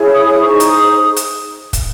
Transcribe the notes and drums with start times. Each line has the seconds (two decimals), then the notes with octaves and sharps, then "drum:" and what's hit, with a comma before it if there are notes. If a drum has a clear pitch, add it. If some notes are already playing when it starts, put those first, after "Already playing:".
Already playing: E4 G#4 C#5
0.13 D#6
0.29 D#6
0.41 D#4 G#4 C5 C#6
0.60 drum: hi-hat
0.69 D#6
1.16 drum: hi-hat
1.73 drum: kick, hi-hat